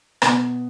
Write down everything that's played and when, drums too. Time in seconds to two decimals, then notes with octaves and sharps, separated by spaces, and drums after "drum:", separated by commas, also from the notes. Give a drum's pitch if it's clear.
0.22 B2, drum: rim click